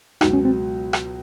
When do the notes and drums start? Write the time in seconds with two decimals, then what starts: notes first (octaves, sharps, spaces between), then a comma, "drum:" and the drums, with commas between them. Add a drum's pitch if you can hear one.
0.21 C#2 B2 F#3 D#4, drum: rim click
0.33 C#4
0.45 C4
0.93 drum: rim click